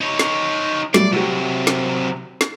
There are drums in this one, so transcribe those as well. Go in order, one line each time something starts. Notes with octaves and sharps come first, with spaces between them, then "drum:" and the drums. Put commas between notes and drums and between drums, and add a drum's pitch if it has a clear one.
D#4 C#5
drum: snare
F#3 G3 A3 D5, drum: snare
C3 F#3 F#4 G4
drum: snare
drum: snare